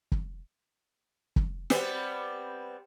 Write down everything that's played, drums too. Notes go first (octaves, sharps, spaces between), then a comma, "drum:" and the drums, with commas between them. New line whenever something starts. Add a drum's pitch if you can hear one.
drum: kick
drum: kick
G3 B3 C4, drum: snare